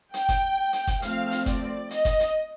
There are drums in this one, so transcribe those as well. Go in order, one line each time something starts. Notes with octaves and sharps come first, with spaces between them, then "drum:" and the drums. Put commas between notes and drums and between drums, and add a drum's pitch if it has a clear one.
G5, drum: hi-hat
drum: kick F#1, hi-hat
drum: hi-hat
drum: kick F#1, hi-hat
F3 A3 C4 F5, drum: hi-hat
drum: hi-hat
D5, drum: kick F#1, hi-hat
D#5, drum: hi-hat
drum: kick F#1, hi-hat
drum: hi-hat